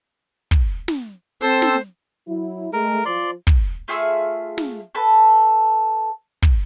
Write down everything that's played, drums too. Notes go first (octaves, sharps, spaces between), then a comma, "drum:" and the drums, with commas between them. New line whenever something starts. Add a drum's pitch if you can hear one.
drum: kick
drum: snare
C4 A4 C5 E6
drum: snare
F#3 E4
G#3 A3 A#4
F3 D5 C6
drum: kick
A3 F4 G#4 E6
drum: snare
A4 B4 A5
drum: kick